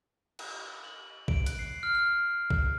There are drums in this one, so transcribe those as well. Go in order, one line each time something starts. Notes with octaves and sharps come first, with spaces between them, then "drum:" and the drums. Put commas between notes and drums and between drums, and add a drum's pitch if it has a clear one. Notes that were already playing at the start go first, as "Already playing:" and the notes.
drum: cymbal
F#7
D7, drum: kick A1
F#6, drum: hi-hat
C7
F6
F6
drum: kick A1